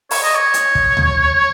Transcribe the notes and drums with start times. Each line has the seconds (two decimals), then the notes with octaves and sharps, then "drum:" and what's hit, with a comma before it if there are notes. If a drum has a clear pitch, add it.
0.11 C#5, drum: open hi-hat
0.23 D#5
0.35 C#5
0.54 drum: hi-hat
0.75 drum: kick
0.97 drum: tom D2